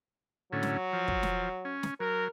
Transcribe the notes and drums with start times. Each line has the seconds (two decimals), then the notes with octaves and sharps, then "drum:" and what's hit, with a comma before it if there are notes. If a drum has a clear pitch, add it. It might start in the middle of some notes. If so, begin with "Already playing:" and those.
0.53 A2 D3 F#3 C#4
0.63 drum: snare
0.93 F3
1.08 drum: kick
1.23 drum: snare
1.65 C#4
1.83 drum: snare
2.00 F#3 A#4